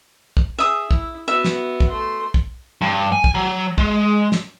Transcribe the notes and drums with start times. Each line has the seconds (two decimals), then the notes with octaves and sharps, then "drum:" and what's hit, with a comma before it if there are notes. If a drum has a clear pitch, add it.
0.37 drum: kick
0.59 G#4 E5 D#6
0.91 E4, drum: kick
1.28 B3 F#4 E5
1.45 drum: snare
1.80 drum: kick
1.90 A3 C6
2.34 drum: kick
2.81 G2
3.12 G#5
3.24 drum: kick
3.35 F#3
3.78 G#3, drum: kick
4.32 drum: snare